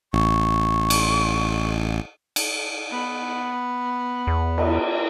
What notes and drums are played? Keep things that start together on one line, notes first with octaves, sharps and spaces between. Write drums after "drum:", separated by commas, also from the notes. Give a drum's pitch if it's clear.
A1 C#6
drum: cymbal
drum: cymbal
B3
E2
drum: cymbal